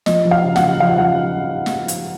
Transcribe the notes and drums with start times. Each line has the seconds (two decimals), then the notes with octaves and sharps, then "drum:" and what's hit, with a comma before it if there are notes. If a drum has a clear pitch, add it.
0.06 F3 D#5, drum: snare
0.25 F3
0.31 F5
0.43 C#3
0.56 F#5, drum: snare
0.61 C#3
0.80 F3 F5
0.98 F3 F#5
1.66 drum: snare
1.88 drum: hi-hat